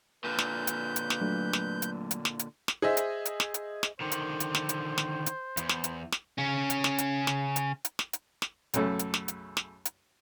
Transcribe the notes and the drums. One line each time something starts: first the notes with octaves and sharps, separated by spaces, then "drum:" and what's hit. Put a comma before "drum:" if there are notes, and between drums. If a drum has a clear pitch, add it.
A#2 D3 B4 G6
drum: snare
drum: hi-hat
drum: hi-hat
drum: snare
F#3 A3 D4
drum: snare
drum: hi-hat
drum: hi-hat
drum: snare
drum: hi-hat
drum: snare
G#4 C5 D#5 E5
drum: hi-hat
drum: hi-hat
drum: snare
drum: hi-hat
drum: snare
D3 D#3 C5
drum: hi-hat
drum: hi-hat
drum: snare
drum: hi-hat
drum: snare
drum: hi-hat
E2, drum: hi-hat
drum: snare
drum: hi-hat
drum: snare
C#3 C#4
drum: hi-hat
drum: snare
drum: hi-hat
drum: snare
drum: hi-hat
drum: hi-hat
drum: snare
drum: hi-hat
drum: snare
B1 F#2 C#3 A3 C#4 A4, drum: hi-hat
drum: hi-hat
drum: snare
drum: hi-hat
drum: snare
drum: hi-hat